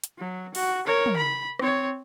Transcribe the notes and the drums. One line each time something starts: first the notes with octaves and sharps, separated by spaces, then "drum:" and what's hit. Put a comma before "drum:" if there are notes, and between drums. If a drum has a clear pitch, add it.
drum: hi-hat
F#3
F#4, drum: open hi-hat
A#4 C#5
drum: tom
B5
C4 C#5, drum: rim click